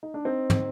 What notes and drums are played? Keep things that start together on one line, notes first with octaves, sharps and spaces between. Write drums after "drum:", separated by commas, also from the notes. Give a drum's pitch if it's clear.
D#4
D4
C4 D#4
drum: tom